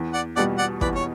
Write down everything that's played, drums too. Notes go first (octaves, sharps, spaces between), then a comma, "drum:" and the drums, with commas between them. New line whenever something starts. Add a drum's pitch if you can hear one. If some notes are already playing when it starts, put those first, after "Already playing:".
Already playing: E2
D5 F#5
B2 G3 D5 F#5
D5 F#5
E2 B4 D5, drum: kick
C#5